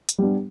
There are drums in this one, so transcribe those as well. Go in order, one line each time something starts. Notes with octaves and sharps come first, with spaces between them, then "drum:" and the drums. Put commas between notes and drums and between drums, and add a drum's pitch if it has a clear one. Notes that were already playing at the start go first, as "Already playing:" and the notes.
drum: hi-hat
G3 B3 D4